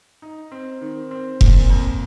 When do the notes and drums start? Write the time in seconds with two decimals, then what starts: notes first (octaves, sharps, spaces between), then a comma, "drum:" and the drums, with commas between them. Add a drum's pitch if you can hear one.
0.22 D#4
0.52 C4
0.81 D#3
1.11 C4
1.41 A#2, drum: kick F1
1.70 F2